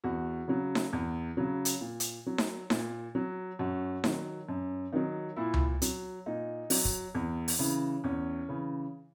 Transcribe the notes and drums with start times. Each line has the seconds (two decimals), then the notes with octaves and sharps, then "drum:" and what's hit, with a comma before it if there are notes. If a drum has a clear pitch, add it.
0.04 E2 F#4
0.48 C#3 F#3
0.75 drum: snare D#4
0.93 E2
1.37 C#3 F#3
1.65 drum: hi-hat
1.81 A#2
2.00 drum: hi-hat
2.26 F#3
2.38 drum: snare D#4
2.70 A#2, drum: snare D#4
3.15 F#3
3.59 F#2 F#4
4.04 D#3 F#3, drum: snare D#4
4.48 F#2
4.92 D#3 F#3
5.36 A#2 E4
5.54 drum: tom C#2
5.82 F#3, drum: hi-hat
6.26 A#2 D#4
6.70 F#3, drum: open hi-hat
6.85 drum: kick
7.15 E2
7.48 drum: open hi-hat
7.59 C#3 E3
8.04 E2 C#4
8.49 C#3 E3